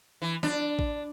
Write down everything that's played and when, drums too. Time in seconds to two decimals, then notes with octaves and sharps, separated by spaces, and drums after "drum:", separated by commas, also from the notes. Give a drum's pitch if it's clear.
0.22 E3
0.43 D4, drum: snare
0.79 drum: kick A1